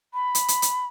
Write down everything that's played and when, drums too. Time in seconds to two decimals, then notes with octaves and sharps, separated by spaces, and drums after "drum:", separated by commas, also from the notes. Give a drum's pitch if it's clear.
0.14 B5
0.35 drum: hi-hat
0.48 drum: hi-hat
0.62 drum: hi-hat